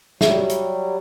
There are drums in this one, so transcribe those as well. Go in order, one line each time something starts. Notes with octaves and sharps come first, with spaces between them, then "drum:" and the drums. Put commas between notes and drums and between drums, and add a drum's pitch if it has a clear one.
F#3 G3 E5, drum: snare
drum: hi-hat